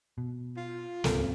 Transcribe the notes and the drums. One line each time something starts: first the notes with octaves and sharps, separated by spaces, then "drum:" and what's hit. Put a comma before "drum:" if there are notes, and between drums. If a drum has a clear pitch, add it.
B2
F4
D#1 G#1 C#2 A4, drum: snare